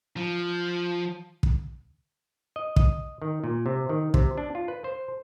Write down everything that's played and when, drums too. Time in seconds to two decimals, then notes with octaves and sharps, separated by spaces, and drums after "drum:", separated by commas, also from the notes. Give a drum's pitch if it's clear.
0.17 F3
1.43 drum: kick
2.56 D#5
2.76 D#5, drum: kick
3.22 D#3
3.44 A#2
3.66 C3
3.89 D#3
4.14 C3, drum: kick
4.38 D4
4.55 F4
4.68 B4
4.84 C5